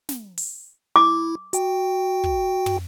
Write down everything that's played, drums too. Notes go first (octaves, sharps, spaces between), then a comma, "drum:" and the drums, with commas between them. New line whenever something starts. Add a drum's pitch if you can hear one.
drum: snare
drum: open hi-hat
E4 D6
F#4 G5, drum: hi-hat
drum: kick
drum: tom